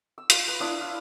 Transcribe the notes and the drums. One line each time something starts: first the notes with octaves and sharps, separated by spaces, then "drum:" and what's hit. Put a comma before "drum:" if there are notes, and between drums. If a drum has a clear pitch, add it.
E6
F4, drum: hi-hat
B4 B5
D4 E4 D5 D#6
F5